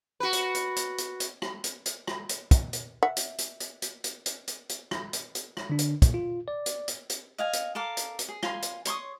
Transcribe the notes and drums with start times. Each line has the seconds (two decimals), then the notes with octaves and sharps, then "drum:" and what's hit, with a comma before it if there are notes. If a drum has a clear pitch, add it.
0.20 F#4 B4
0.33 drum: hi-hat
0.55 drum: hi-hat
0.76 drum: hi-hat
0.98 drum: hi-hat
1.20 drum: hi-hat
1.42 drum: rim click
1.64 drum: hi-hat
1.86 drum: hi-hat
2.07 drum: rim click
2.29 drum: hi-hat
2.51 drum: kick, hi-hat
2.73 drum: hi-hat
3.03 E5 F#5
3.17 drum: hi-hat
3.38 drum: hi-hat
3.60 drum: hi-hat
3.82 drum: hi-hat
4.04 drum: hi-hat
4.26 drum: hi-hat
4.48 drum: hi-hat
4.69 drum: hi-hat
4.91 drum: rim click
5.13 drum: hi-hat
5.35 drum: hi-hat
5.57 drum: rim click
5.70 D3 D4
5.79 drum: hi-hat
6.02 A#2, drum: kick, hi-hat
6.14 F4
6.48 D5
6.66 drum: hi-hat
6.88 drum: hi-hat
7.10 drum: hi-hat
7.38 D#5 F5 G#5
7.53 drum: hi-hat
7.75 A4 A#4 F5 D6
7.97 drum: hi-hat
8.19 drum: hi-hat
8.29 G#4
8.43 F4 G#5 C6, drum: rim click
8.62 drum: hi-hat
8.85 C#5 C6 C#6 D#6, drum: hi-hat